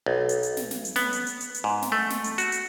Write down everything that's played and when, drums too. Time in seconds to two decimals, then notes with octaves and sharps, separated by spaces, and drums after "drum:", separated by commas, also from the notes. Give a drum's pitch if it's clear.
0.06 B1
0.29 drum: hi-hat
0.43 drum: hi-hat
0.57 drum: snare
0.71 drum: snare
0.85 drum: hi-hat
0.96 B3, drum: snare
1.13 drum: hi-hat
1.27 drum: hi-hat
1.41 drum: hi-hat
1.54 drum: hi-hat
1.64 G#2
1.82 drum: snare
1.92 A3
2.10 drum: snare
2.24 drum: hi-hat
2.38 F#4, drum: hi-hat
2.52 drum: hi-hat